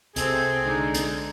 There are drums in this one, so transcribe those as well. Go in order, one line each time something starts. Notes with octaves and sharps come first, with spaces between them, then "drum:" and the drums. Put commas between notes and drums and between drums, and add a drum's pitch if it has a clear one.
C2 C3 C4 G#4 A4, drum: hi-hat
D3 G#3 D#4
drum: hi-hat